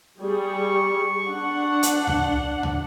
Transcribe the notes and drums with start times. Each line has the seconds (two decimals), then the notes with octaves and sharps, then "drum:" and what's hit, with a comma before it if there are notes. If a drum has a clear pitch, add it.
0.21 G3 G#4 C#6
1.29 D4 F#5
1.83 drum: hi-hat
2.07 drum: tom C#2
2.63 drum: tom C#2